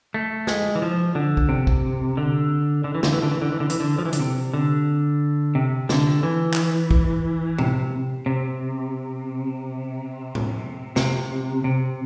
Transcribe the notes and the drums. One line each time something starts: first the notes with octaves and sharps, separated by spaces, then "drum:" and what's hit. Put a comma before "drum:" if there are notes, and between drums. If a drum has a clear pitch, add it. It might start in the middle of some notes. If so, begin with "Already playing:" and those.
A3
G#3, drum: snare
E3
F3
D3
drum: kick
C3
drum: kick
D3
D3
E3
D3, drum: snare
E3
D3
E3
D3
E3
D3
E3, drum: hi-hat
D3
F3
E3
D3, drum: hi-hat
C3
D3
C3
D3, drum: snare
E3
drum: clap
drum: kick
C3, drum: tom A2
C3
drum: tom A2
C3, drum: snare
C3